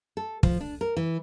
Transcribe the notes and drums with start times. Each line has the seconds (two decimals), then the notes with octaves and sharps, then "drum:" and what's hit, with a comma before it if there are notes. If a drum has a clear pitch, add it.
0.17 A4
0.43 F3, drum: kick
0.60 D4
0.81 A#4
0.97 E3